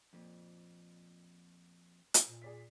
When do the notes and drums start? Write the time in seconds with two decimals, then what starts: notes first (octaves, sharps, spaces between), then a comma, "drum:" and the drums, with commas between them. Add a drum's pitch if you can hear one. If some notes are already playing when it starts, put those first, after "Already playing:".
0.13 F2 A#2
2.14 drum: hi-hat
2.27 A#2
2.42 G#4 D5 B6